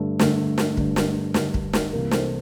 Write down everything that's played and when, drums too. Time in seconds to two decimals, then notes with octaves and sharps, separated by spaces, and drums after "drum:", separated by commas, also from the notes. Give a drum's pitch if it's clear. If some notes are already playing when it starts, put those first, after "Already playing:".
Already playing: G2 D3 A3 A4
0.19 G2 D3 A3, drum: snare
0.58 drum: snare
0.77 G2 D3 A3, drum: kick
0.96 drum: snare
1.34 G2 D3 A3, drum: snare
1.54 drum: kick
1.73 drum: snare
1.93 C2 C3 E3 A#3 A#4
2.11 A4 C5, drum: snare